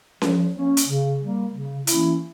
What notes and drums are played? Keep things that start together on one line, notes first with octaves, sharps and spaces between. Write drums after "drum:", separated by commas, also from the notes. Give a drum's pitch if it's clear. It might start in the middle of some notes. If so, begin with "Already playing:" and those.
F3, drum: snare C#4
A#3 C#4
drum: hi-hat
C#3
G3 A#3
C#3
E3 A#3 C#4 E4, drum: hi-hat